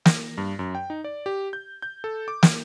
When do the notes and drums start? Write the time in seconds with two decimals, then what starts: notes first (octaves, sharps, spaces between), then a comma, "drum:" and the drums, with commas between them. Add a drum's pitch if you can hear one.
0.06 A#6, drum: snare
0.38 G2
0.59 F#2
0.75 G5
0.90 D#4
1.04 D5
1.26 G4
1.53 G6
1.82 G6
2.04 A4
2.28 D6
2.43 drum: snare